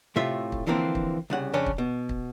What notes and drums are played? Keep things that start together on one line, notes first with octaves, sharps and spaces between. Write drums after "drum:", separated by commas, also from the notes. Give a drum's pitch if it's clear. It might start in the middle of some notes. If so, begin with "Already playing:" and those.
A2 C3 A3 F4 E5
drum: kick
D3 E3 F3 A#3 C4
drum: kick
C2 C#3 F#5
F2 C#3 C#4 D4
drum: kick
B2
drum: kick